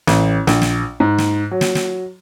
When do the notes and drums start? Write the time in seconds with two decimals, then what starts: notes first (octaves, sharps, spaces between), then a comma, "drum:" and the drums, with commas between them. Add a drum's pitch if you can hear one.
0.07 A1, drum: snare
0.47 A#1, drum: snare
0.62 drum: snare
1.00 G#2
1.18 drum: snare
1.51 F#3
1.61 drum: snare
1.75 drum: snare